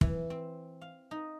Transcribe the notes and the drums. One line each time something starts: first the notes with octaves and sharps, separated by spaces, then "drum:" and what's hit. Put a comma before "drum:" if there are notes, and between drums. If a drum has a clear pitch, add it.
E3, drum: kick
C4
F5
D#4